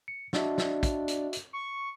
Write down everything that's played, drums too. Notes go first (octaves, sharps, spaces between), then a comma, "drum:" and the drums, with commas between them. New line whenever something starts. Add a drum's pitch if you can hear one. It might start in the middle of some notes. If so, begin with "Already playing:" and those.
C#7
D4 F#4 D#5 E5, drum: snare
drum: snare
drum: kick, hi-hat
drum: hi-hat
drum: hi-hat
C#6